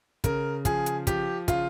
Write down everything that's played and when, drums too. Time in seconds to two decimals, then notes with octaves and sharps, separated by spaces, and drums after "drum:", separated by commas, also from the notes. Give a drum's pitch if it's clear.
0.24 C#3 A#4, drum: kick, hi-hat
0.65 F3 G#4, drum: kick, hi-hat
0.86 drum: hi-hat
1.07 F3 G4, drum: kick, hi-hat
1.48 C#3 F4, drum: kick, hi-hat